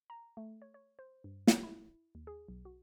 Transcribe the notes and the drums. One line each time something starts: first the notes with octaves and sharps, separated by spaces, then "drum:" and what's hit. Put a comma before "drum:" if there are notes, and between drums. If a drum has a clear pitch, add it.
A#5
A3
C#5
C#5
C5
G2
drum: snare
E4
D#2
G#4
B1
F#4